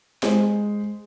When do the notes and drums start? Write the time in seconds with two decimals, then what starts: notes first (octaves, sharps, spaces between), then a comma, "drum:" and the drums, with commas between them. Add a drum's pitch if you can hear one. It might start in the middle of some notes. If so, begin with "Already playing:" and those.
0.23 G#3 C5, drum: snare